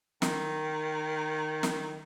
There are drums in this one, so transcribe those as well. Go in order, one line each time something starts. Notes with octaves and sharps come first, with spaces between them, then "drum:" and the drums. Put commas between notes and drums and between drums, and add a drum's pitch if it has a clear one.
D#3, drum: snare
drum: snare